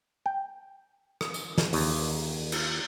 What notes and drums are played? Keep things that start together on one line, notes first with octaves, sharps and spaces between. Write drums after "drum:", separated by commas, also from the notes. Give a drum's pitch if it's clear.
G5
drum: rim click
drum: tambourine
drum: snare
D#2, drum: open hi-hat
drum: cymbal